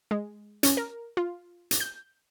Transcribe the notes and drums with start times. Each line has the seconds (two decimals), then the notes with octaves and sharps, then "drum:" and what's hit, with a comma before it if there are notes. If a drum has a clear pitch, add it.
0.11 G#3
0.63 C#4, drum: hi-hat
0.77 A#4
1.17 F4
1.71 drum: hi-hat
1.80 G6